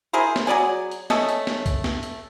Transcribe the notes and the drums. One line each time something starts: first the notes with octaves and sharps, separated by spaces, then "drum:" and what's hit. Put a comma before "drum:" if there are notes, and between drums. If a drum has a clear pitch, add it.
E4 G#4 A#4 C5
drum: snare
F#3 G#4 D5 G#5
drum: hi-hat
A3 C#4 A4 D#5, drum: snare
drum: hi-hat
drum: snare
drum: kick C2, hi-hat
drum: snare
drum: hi-hat